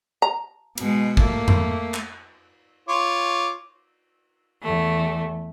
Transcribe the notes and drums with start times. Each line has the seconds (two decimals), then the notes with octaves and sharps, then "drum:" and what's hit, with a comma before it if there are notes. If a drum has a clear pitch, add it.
0.22 A#5
0.78 B2 G#3, drum: cymbal
1.17 A3 A#3, drum: kick
1.48 drum: tom F2
1.94 drum: clap
2.88 F4 C#5 D6
4.62 E2 A3